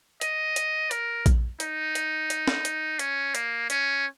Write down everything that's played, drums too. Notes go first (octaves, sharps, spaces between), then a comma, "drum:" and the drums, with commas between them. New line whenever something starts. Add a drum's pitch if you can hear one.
D#5, drum: hi-hat
drum: hi-hat
A#4, drum: hi-hat
drum: kick A#1, hi-hat
D#4, drum: hi-hat
drum: hi-hat
drum: hi-hat
drum: snare
drum: hi-hat
C#4, drum: hi-hat
A#3, drum: hi-hat
C#4, drum: hi-hat